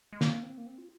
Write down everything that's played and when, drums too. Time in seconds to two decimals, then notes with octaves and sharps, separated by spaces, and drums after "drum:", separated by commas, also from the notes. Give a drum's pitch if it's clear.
0.13 G#3
0.21 A#3, drum: snare
0.43 C4
0.58 A#3
0.66 C4
0.78 F4